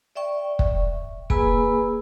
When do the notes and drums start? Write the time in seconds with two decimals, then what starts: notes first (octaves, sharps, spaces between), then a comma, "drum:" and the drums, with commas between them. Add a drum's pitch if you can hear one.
0.15 D5 E5 G5 C#6
0.59 drum: kick
1.30 A#3 G#4 B4 G#5 B5 E6, drum: kick